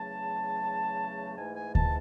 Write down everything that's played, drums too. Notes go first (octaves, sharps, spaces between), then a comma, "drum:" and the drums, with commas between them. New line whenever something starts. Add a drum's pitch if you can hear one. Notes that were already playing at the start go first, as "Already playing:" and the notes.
Already playing: E2 C#3 F#3 A3 A5
G#2 E3 A3 G#5
G#5
A5, drum: kick D2